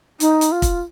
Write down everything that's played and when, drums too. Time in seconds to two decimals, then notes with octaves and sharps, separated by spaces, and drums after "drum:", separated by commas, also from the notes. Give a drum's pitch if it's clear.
0.20 D#4, drum: hi-hat
0.41 drum: hi-hat
0.52 F4
0.62 drum: kick, hi-hat